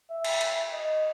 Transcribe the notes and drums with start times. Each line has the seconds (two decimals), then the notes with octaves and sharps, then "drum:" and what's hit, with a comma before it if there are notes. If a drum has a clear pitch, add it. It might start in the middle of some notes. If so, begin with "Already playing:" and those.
0.10 E5
0.24 drum: cymbal
0.41 drum: cymbal
0.72 D#5